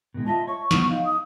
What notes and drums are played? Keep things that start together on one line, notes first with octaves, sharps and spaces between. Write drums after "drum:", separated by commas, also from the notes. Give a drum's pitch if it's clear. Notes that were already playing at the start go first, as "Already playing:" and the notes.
B2 D#3 G#3
F4 D#5 E5 A5
C#5 C#6
B3, drum: snare
D#4 F5
D#6